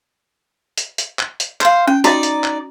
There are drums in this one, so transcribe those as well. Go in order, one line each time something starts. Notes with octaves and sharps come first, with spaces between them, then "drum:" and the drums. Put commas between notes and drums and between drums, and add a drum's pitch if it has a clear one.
drum: hi-hat
drum: hi-hat
drum: clap
drum: hi-hat
C5 F5, drum: clap
C#4 G5
D#4 F#4 D5 D#5 A#5, drum: hi-hat
drum: hi-hat
drum: clap